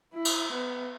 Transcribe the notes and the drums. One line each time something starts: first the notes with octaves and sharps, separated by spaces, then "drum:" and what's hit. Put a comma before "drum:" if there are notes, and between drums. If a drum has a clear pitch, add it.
E4
drum: cymbal
B3